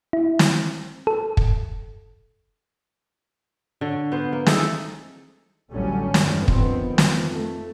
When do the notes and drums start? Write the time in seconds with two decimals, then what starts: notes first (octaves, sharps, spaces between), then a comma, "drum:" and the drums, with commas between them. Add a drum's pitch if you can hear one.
0.13 E4
0.39 drum: snare
1.07 A4
1.37 drum: kick
3.81 D3 C#5
4.12 B3 C5
4.33 A#3
4.46 D#4 E4 G#4 A4, drum: snare
5.71 A1 D2 F#3 G3 A3 C#4
6.14 E2 G2 D3 D#3 G3, drum: snare
6.48 F2 D#3 B3 C4, drum: kick
6.98 F2, drum: snare
7.33 A3